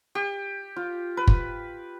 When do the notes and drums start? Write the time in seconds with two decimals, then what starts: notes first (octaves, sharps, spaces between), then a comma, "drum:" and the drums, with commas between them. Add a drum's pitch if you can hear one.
0.15 G4
0.76 F4
1.17 B4
1.27 drum: kick